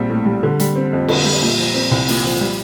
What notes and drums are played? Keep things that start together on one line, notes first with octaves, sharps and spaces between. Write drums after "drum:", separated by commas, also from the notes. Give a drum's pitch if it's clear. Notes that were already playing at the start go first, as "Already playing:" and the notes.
Already playing: A#1 G3 C4
A2
G3
D3
G3, drum: hi-hat
C4
F2
D3, drum: cymbal
G3
A#2
F3
C4
C2
A#2, drum: open hi-hat
F3
G3